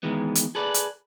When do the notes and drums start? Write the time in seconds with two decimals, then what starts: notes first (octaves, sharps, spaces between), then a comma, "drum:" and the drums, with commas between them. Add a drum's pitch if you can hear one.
0.03 D#3 E3 G#3 B3
0.35 drum: hi-hat
0.55 G#4 A4 B4 D5
0.74 drum: hi-hat